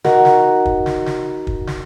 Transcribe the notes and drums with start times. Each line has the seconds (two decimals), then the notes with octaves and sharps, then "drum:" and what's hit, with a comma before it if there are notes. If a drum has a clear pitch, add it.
0.04 D#4 F#4 A#4, drum: snare
0.25 drum: snare
0.66 drum: kick
0.86 drum: snare
1.06 drum: snare
1.47 drum: kick
1.67 drum: snare